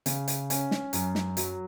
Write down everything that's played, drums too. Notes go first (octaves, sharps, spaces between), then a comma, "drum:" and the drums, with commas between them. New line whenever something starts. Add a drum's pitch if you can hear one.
C#3, drum: hi-hat
drum: hi-hat
C#4, drum: hi-hat
drum: snare
F#2, drum: hi-hat
drum: snare
F#3, drum: hi-hat